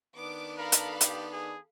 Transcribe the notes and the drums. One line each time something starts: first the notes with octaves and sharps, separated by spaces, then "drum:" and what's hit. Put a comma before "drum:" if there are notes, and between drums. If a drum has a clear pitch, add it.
D#3 B3 D4 D6
A4 A#4 F5 B5
drum: hi-hat
G4, drum: hi-hat
G#4